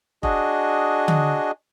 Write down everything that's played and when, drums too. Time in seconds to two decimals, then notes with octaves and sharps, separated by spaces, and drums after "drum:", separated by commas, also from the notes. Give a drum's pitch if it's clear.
0.23 D4 F#4 G#4 D#5, drum: kick F1
1.08 drum: tom D3